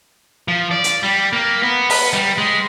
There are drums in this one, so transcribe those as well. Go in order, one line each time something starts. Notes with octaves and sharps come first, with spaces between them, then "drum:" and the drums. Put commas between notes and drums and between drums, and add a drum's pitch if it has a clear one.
F3
D5
drum: hi-hat
G3
A#3
B3
B4, drum: open hi-hat
G3
G#3